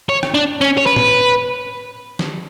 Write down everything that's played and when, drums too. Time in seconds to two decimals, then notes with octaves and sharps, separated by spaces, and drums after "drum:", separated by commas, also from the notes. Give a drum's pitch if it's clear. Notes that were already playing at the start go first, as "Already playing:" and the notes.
0.09 C#5
0.23 drum: rim click
0.34 D4
0.61 C#4
0.78 C#5
0.87 B4
0.96 drum: tom A2
2.19 drum: snare